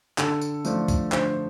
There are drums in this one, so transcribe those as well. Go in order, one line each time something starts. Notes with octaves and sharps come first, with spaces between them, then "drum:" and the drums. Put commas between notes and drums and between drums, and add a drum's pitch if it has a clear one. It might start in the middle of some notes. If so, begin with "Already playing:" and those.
D3 A4, drum: clap
drum: tambourine
F3 A3 D4, drum: tambourine
drum: kick, tambourine
D3 C5, drum: clap